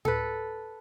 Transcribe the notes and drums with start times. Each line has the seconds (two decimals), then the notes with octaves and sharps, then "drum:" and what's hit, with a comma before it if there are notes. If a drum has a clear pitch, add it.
0.05 A4 B4, drum: tom A2